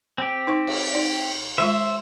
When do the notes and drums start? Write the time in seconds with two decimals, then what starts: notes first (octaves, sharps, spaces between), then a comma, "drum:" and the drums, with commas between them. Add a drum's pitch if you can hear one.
0.18 C4 G4
0.47 D#4 C5 C#6
0.67 drum: cymbal
0.93 D#4 D5
1.58 D#3 G#3 F4 C5 E5